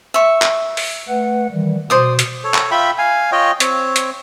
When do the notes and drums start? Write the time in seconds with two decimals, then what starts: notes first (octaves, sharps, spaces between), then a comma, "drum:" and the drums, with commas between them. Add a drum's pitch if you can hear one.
0.14 E5 C#6
0.42 drum: clap
0.77 drum: open hi-hat
1.08 A3 B4 F#5
1.52 D#3 E3 G3
1.90 B2 C5 D5 D#6
2.19 drum: hi-hat
2.44 A4 C#5
2.54 drum: clap
2.71 F4 E5 G5 B5
2.98 F5 G#5
3.32 F4 C#5 D#5 G5
3.60 C4 C#5, drum: hi-hat
3.96 drum: hi-hat